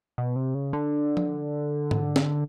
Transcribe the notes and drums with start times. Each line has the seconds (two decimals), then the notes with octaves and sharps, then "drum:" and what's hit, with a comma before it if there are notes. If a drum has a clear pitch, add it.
0.18 B2
0.36 C3
0.54 C#3
0.73 D3
1.17 drum: tom F3
1.91 drum: tom G#2
2.16 drum: snare